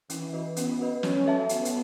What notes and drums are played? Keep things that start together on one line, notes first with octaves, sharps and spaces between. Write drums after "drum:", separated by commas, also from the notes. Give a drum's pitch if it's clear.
E3 C#4, drum: hi-hat
F#4 B4 D#5
B3 C#4, drum: hi-hat
F#4 B4 D#5
C#4 F#4, drum: snare
A4 E5 A5
B3 F#4, drum: hi-hat
drum: hi-hat